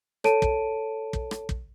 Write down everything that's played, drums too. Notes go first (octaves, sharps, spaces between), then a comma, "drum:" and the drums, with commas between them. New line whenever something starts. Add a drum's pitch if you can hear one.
A4 C#5 A5 D7 D#7, drum: rim click
drum: kick
drum: kick
drum: rim click
drum: kick